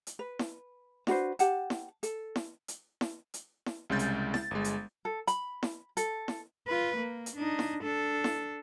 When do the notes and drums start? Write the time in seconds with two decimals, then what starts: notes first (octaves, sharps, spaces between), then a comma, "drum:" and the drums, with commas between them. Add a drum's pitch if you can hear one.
0.07 drum: hi-hat
0.19 B4
0.39 drum: snare E4
1.07 D4 F#4 B4 C5, drum: snare E4
1.39 G4 F#5 A5, drum: hi-hat
1.70 drum: snare E4
2.03 A4, drum: hi-hat
2.36 drum: snare E4
2.68 drum: hi-hat
3.01 drum: snare E4
3.34 drum: hi-hat
3.66 drum: snare E4
3.90 C2 C#3 G#3 G6 A6
3.99 drum: hi-hat
4.34 A6, drum: snare E4
4.51 G1 G#3
4.64 drum: hi-hat
5.05 A4
5.27 B5, drum: hi-hat
5.63 drum: snare E4
5.97 A4, drum: hi-hat
6.28 drum: snare E4
6.67 F4 B4
6.97 A#3
7.26 drum: hi-hat
7.36 D4 D#4
7.59 drum: snare E4
7.83 D4 A4
8.24 drum: snare E4